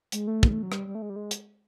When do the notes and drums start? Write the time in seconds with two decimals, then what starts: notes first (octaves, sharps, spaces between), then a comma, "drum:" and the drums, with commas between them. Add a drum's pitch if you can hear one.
0.12 G#3, drum: hi-hat
0.27 A3
0.43 A#3, drum: kick
0.48 G#3
0.52 A3
0.62 F#3
0.72 G3, drum: rim click
0.87 G3
0.95 A3
1.02 G#3
1.10 G3
1.16 G#3
1.31 drum: hi-hat